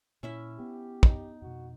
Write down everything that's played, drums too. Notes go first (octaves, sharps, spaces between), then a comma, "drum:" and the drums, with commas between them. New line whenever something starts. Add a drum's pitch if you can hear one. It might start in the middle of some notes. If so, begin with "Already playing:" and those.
A#2 C#4 E4 E5
B3 G4
D#4, drum: kick
F2 B2 F#4